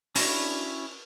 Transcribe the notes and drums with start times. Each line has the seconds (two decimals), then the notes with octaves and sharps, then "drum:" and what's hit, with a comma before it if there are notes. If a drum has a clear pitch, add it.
0.16 C#4 D4 E4 F#4 C#5 B5, drum: open hi-hat